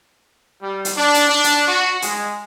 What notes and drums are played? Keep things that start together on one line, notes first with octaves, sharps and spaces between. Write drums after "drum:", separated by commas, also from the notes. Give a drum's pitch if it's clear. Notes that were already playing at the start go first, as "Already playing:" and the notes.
G3
drum: hi-hat
D4
drum: hi-hat
D4
drum: hi-hat
F#4
G#3, drum: hi-hat